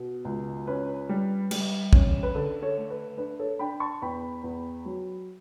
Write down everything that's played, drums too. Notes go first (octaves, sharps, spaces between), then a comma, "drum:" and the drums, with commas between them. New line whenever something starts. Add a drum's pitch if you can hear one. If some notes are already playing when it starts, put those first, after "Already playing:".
Already playing: B2
C#2
C#4 B4
G3
G3, drum: cymbal
C#4, drum: kick
B4
D3 A4
A4 C#5
A3
B4
D4 B4
A4 C#5
D4 G5 B5
A5 C#6
E2 G5 B5
E2
F#3